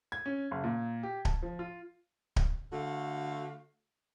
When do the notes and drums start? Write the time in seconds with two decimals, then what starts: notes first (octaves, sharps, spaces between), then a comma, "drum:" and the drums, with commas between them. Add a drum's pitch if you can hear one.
0.12 G#6
0.26 C#4
0.51 F#1
0.64 A#2
1.03 G4
1.25 A5, drum: kick D1
1.43 F3
1.59 F4
2.36 drum: kick D1
2.72 D3 A3 F#4 F5